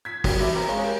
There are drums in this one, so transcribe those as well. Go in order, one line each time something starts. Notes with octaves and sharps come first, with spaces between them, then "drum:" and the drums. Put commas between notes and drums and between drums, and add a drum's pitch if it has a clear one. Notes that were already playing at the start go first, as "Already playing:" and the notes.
G#6 B6
F#3 G3 A#3, drum: kick, open hi-hat
E2 B2 E4 D6
C4 A#4
C#3 G#3
G4 A#4